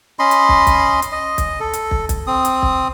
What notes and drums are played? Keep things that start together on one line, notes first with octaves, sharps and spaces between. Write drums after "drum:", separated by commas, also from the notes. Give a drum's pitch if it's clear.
C#4 D#5 B5 C6
drum: hi-hat
drum: kick
drum: kick, hi-hat
drum: hi-hat
D#5
drum: kick, hi-hat
A4
drum: hi-hat
drum: kick
drum: kick, hi-hat
C4 D#6
drum: hi-hat
drum: kick